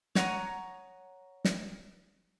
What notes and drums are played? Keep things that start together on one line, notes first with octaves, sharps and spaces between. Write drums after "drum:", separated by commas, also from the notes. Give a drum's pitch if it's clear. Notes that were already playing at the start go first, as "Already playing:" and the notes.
C#5 F#5 A#5 D#6, drum: snare
drum: snare